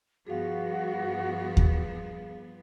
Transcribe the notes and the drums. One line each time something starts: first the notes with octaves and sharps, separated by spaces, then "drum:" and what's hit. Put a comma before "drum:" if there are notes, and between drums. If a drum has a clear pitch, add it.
G2 F3 B3 F#4 G#4 F5
drum: kick D#2